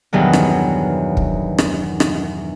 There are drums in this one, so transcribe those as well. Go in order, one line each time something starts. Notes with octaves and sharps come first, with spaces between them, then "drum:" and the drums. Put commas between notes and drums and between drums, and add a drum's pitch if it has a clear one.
E2 G2 B2 D#3 F#3
drum: rim click
drum: kick
drum: rim click
drum: rim click